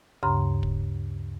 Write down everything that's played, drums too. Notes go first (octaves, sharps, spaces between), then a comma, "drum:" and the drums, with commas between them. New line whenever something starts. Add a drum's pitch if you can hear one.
D2 G2 C#3 A#5 C6
drum: kick